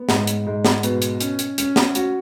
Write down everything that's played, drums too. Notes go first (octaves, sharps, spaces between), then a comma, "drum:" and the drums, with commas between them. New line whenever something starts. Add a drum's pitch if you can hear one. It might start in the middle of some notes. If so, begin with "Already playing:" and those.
Already playing: B3
G#2, drum: snare
drum: hi-hat
G#2
drum: snare
B2, drum: hi-hat
drum: hi-hat
C#4, drum: hi-hat
drum: hi-hat
C#4, drum: hi-hat
drum: snare
F#4, drum: hi-hat